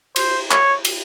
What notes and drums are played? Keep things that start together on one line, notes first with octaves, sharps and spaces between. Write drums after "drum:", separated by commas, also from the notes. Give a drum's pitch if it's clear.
C5, drum: cymbal
C#5, drum: clap
drum: cymbal